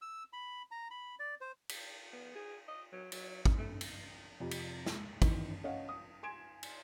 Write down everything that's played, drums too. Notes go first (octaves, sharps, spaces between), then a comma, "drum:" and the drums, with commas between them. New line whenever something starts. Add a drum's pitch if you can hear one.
E6
B5
A#5
B5
D5
C5
drum: cymbal
B3
G#4
D#5
F#3
F#3, drum: cymbal
drum: kick
A3
drum: cymbal
F2 C3
drum: cymbal
drum: snare
D#3 E3, drum: kick, cymbal
C#4 C#5 D#5 F5 F#5
D#6
G#5 C6 G#6 D7 E7
drum: cymbal